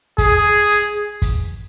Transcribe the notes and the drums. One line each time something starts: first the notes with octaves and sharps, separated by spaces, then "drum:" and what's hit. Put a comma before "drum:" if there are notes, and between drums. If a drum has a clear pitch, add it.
G#4, drum: kick, hi-hat
drum: hi-hat
drum: kick, hi-hat